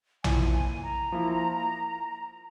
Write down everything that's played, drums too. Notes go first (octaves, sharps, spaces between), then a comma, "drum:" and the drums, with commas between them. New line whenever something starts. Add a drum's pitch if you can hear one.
F3 A#3 E4 G#5, drum: tom A#1
G#5
A#5
F3 A#3 E4